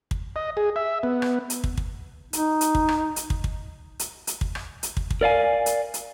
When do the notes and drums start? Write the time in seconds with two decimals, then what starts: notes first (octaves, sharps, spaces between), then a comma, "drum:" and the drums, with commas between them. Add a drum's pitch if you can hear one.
0.11 drum: kick
0.36 D#5
0.57 G#4
0.76 E5
1.03 B3
1.22 drum: rim click
1.50 drum: hi-hat
1.64 drum: kick
1.77 drum: kick
2.33 D#4, drum: hi-hat
2.61 drum: hi-hat
2.75 drum: kick
2.88 drum: rim click
3.16 drum: hi-hat
3.30 drum: kick
3.44 drum: kick
3.99 drum: hi-hat
4.27 drum: hi-hat
4.41 drum: kick
4.55 drum: rim click
4.83 drum: hi-hat
4.97 drum: kick
5.10 drum: kick
5.21 A#4 D5 F5 G#5
5.66 drum: hi-hat
5.94 drum: hi-hat